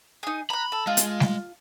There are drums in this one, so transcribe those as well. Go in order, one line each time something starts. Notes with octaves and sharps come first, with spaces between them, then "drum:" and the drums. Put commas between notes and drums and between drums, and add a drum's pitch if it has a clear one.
D#4 G#4
A#5 B5 F#6
A4
G#3 F4
drum: hi-hat
drum: snare G3